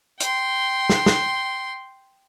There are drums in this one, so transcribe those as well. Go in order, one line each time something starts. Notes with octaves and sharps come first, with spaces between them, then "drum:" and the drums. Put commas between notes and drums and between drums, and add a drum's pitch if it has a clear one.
G5 C6, drum: hi-hat
drum: snare
drum: snare